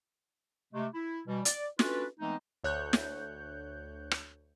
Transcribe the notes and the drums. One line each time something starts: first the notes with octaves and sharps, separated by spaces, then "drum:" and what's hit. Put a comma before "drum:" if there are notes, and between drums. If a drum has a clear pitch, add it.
C3 G#3 A3
E4
B2 E3 G3
D5, drum: hi-hat
C#4 D4 F4 F#4 A4 B4, drum: snare
E3 G#3 A3 B3 C4 D#4
D2 C#5 F#6 G6
drum: snare
drum: rim click